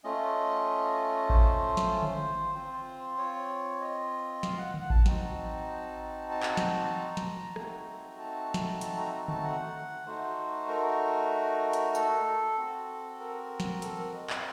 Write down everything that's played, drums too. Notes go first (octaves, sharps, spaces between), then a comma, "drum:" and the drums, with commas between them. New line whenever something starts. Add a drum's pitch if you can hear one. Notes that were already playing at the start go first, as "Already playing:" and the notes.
A3 C#4 F4 D#5
C5, drum: kick A1
drum: snare
drum: tom D3
C4 F4 C5
C#5
D#5
F5, drum: snare
F#5
F#5, drum: tom D3
A5, drum: kick A1
C4 D#4 F#4, drum: snare
A5
drum: clap
drum: snare
A#5
drum: snare
A3 C4 D#4 F#4, drum: rim click
A5
drum: snare
A5, drum: hi-hat
A#5
A#5
A5, drum: tom D3
F#5
A3 D#4 F#4 C5
A#4
drum: hi-hat
A4, drum: tambourine
C4 F#4
A#4
drum: snare
A4, drum: hi-hat
A#4
D#5
F5, drum: clap